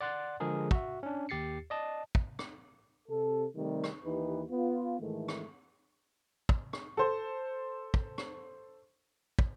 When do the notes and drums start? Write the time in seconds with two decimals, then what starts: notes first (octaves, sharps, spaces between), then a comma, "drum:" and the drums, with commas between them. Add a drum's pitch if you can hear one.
0.01 D5 F#5 C6 F#6 A6
0.40 D3 F3 G#3 G#4 A#4
0.71 F#4 E5, drum: kick
1.03 C#4 D4
1.29 D#2 G4 A6 C7 C#7
1.70 D5 D#5 A5
2.15 drum: kick
2.39 drum: rim click
3.09 C3 A4
3.56 C3 D#3 G3 A3
3.84 drum: rim click
4.04 D#2 E3 D#4 G4 B4
4.51 B3 F4
5.00 G#2 D#3 E3 A3
5.28 drum: rim click
6.49 drum: kick
6.73 drum: rim click
6.97 A4 C5
7.94 drum: kick
8.18 drum: rim click
9.39 drum: kick